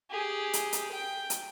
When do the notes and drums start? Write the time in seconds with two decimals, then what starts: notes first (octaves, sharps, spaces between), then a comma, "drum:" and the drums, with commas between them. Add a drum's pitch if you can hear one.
0.11 G4 G#4
0.53 drum: hi-hat
0.73 drum: hi-hat
0.92 G5
1.30 drum: hi-hat